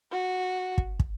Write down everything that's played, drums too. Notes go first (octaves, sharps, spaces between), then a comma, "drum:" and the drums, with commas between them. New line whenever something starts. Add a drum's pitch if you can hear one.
F#4
drum: kick
drum: kick